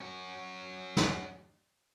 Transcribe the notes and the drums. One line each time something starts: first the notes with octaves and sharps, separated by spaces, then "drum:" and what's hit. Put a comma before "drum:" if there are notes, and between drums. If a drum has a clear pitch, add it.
C#4 F#4
drum: snare